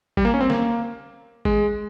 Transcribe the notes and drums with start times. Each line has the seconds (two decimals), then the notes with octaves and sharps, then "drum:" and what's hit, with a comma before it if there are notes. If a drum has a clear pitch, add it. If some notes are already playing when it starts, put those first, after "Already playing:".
0.17 G3, drum: kick G1
0.25 A#3
0.34 C#4
0.41 C4
0.50 A#3, drum: snare
1.45 G#3, drum: kick G1